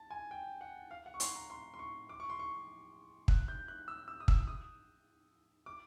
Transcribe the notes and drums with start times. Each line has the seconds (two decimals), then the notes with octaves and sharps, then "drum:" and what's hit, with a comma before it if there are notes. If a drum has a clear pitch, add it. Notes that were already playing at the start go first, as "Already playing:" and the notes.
Already playing: A5
0.11 G#5
0.31 G5
0.61 F#5
0.91 F5
1.06 F#5
1.14 C#6
1.20 C6, drum: hi-hat
1.35 A#5
1.50 C6
1.74 C6
1.79 C#6
2.09 D6
2.20 C#6
2.30 C6
2.39 C#6
3.28 F#6, drum: kick
3.48 G6
3.68 F#6
3.88 E6
4.08 E6
4.20 D#6
4.28 E6, drum: kick
4.47 D#6
5.66 D6